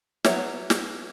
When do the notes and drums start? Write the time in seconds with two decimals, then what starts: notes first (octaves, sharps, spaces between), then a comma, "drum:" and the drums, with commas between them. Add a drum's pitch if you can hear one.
0.24 F#3 B3 C#5 E5, drum: snare
0.70 drum: snare